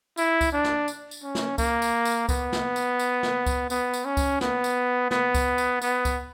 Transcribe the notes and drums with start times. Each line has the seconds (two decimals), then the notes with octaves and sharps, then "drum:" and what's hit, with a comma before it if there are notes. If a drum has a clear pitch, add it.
0.17 E4, drum: tambourine
0.41 drum: kick C#2, tambourine
0.53 D4
0.64 drum: snare
0.88 drum: tambourine
1.11 drum: tambourine
1.23 C#4
1.35 drum: snare
1.58 A#3, drum: kick C#2, tambourine
1.82 drum: tambourine
2.05 drum: tambourine
2.29 B3, drum: kick C#2, tambourine
2.52 drum: snare
2.76 drum: tambourine
2.99 drum: tambourine
3.23 drum: snare
3.46 drum: kick C#2, tambourine
3.70 B3, drum: tambourine
3.94 drum: tambourine
4.05 C#4
4.17 drum: kick C#2, tambourine
4.41 B3, drum: snare
4.64 drum: tambourine
5.11 B3, drum: snare
5.35 drum: kick C#2, tambourine
5.58 drum: tambourine
5.82 B3, drum: tambourine
6.05 drum: kick C#2, tambourine